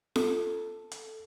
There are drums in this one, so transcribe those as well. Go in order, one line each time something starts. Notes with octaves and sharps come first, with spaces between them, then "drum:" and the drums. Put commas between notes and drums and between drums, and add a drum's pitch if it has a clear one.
A4, drum: snare F4
drum: hi-hat